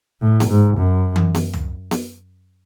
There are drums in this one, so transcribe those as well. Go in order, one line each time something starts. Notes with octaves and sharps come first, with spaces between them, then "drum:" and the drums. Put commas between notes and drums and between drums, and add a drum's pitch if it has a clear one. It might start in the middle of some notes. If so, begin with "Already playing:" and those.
A2
drum: snare B3
G#2
F#2
drum: tom E3
drum: snare B3
drum: tom
drum: snare B3